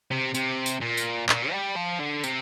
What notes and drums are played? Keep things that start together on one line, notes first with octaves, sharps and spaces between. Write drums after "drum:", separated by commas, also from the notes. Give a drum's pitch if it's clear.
C3
C3, drum: tambourine
drum: tambourine
A#2
drum: tambourine
A#2, drum: clap
G3
F3
D3
C3, drum: tambourine